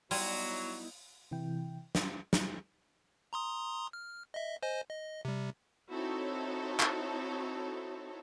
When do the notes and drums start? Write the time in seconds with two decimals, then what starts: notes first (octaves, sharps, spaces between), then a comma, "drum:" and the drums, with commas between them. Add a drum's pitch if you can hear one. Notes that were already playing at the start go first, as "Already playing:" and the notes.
0.11 F#3 G3 B3 D#4 E4 C6 G#6 D#7, drum: open hi-hat
1.31 C3 E3 E4 G5
1.95 drum: snare
2.33 drum: snare
3.33 A#5 C6 D#6
3.93 F6
4.34 D#5 E5
4.63 C5 D#5 G#5
4.90 D#5
5.25 C3 G3
5.89 C4 D#4 E4 F#4 A4 C#5
6.80 drum: clap